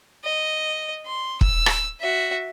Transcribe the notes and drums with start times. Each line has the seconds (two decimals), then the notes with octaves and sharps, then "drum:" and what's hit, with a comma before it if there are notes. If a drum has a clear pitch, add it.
0.24 D#5
1.06 C6
1.41 E6, drum: kick
1.66 drum: rim click
2.00 F#4 E5